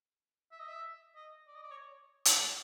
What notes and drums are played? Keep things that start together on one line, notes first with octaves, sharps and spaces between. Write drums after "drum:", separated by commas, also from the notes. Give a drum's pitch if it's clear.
E5
D#5
E5
D#5
D5
D#5
D5
C#5
drum: hi-hat